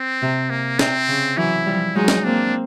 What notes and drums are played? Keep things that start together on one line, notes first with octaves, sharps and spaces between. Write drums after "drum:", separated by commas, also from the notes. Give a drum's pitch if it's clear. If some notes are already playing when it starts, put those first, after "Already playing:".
Already playing: C4
C3
A#3
C3 C4, drum: snare
C#3
E3 F#3 E4
F3 G3
F#3 G#3 D#4
drum: snare
A#3 C4 D4